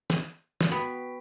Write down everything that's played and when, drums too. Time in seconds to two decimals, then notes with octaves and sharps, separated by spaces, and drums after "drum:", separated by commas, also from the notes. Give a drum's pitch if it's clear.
0.10 drum: snare
0.61 drum: snare
0.71 B3 F#4 G5 B6